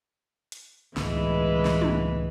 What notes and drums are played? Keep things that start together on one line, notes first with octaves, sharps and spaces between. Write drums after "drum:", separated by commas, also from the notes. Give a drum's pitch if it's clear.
drum: hi-hat
C#2 A2 E3 G#3 B4, drum: snare
drum: snare
drum: tom